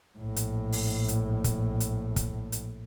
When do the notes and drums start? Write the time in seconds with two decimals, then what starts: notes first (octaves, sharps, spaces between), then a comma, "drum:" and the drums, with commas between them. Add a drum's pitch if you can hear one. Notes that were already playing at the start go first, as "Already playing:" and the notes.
0.18 A#1 A2
0.36 drum: hi-hat
0.72 drum: open hi-hat
1.08 drum: hi-hat
1.44 drum: kick, hi-hat
1.80 drum: hi-hat
2.16 drum: kick, hi-hat
2.52 drum: hi-hat